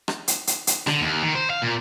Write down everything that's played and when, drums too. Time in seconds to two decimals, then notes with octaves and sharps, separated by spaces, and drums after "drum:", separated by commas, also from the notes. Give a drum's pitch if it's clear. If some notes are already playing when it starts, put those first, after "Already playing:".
0.08 drum: rim click
0.28 drum: hi-hat
0.47 drum: hi-hat
0.67 drum: hi-hat
0.87 D3, drum: rim click
1.01 D#2
1.23 D#3
1.35 C5
1.50 F5
1.62 A#2